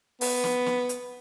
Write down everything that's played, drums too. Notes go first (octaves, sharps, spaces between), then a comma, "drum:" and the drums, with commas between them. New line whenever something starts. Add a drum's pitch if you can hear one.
B3, drum: open hi-hat
drum: snare
drum: snare
drum: hi-hat